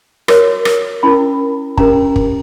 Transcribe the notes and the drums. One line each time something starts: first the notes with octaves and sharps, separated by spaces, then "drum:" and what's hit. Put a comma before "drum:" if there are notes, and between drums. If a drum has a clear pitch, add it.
F#4 A#4 C#5, drum: rim click
drum: rim click
C#4 E4 A#4 B5
C#4 G4 A#4 A#5, drum: kick
drum: kick